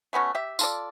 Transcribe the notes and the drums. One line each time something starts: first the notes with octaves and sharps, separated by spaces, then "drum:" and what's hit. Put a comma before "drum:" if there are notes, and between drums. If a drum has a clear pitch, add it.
A3 B3 C#4 F#4
G4 E5
F4 A4 D5, drum: tambourine